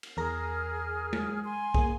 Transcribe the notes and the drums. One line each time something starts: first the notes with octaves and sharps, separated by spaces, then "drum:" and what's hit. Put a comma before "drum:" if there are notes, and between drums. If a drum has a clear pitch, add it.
drum: cymbal
E2 G#4 A#4 F6 A#6
drum: tom G#3
G#5 C6
A#3 G#4, drum: kick B1